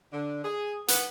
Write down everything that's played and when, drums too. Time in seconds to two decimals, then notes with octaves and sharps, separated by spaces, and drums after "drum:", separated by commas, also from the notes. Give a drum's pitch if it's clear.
0.12 D3
0.44 G#4
0.88 B3, drum: hi-hat